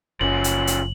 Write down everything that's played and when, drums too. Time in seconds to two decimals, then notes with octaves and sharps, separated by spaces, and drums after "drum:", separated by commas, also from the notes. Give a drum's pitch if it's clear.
0.21 F#1 F3 C#4 F#7
0.44 drum: hi-hat
0.67 drum: hi-hat